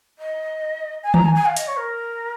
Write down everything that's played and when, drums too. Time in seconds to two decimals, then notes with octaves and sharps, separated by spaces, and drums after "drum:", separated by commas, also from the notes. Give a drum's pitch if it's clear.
0.19 D#5
1.03 G#5
1.14 A#5, drum: tom D#3
1.25 G#5
1.35 G#5
1.46 F5
1.57 D#5, drum: hi-hat
1.67 C#5
1.78 A#4